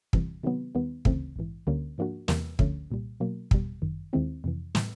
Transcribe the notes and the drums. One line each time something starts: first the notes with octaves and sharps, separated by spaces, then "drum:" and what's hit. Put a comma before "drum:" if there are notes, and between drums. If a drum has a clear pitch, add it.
E2 C3 E3 G3, drum: kick
C3 D#3 F#3 B3
D#2 D#3 G3 B3
D2 C#3 E3 A3 C4, drum: kick
A#1 G#2 E3
D2 D3 G3 A#3 C#4
G#2 F3 A#3 D4 F#4
E2 C3 E3 G3 A#3, drum: snare
D2 D3 F3 A3 C#4, drum: kick
C2 A#2 G3
B2 F#3 A#3
E2 B2 G3, drum: kick
G1 F#2 D#3
D#2 D#3 G#3 C4 E4
F2 C3 E3
A2 E3 G3, drum: snare